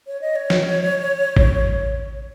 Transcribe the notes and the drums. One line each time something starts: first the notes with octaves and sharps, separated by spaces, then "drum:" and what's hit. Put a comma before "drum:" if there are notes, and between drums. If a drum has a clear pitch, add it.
C#5
D#5
C#5
drum: snare
drum: kick A1